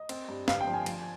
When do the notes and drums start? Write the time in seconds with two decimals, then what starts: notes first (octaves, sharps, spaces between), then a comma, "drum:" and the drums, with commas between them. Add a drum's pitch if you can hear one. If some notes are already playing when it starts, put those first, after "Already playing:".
Already playing: D#5
0.09 C4, drum: cymbal
0.29 G2
0.48 G1 F5, drum: snare
0.61 G5
0.67 F3
0.74 G#5
0.86 F3, drum: cymbal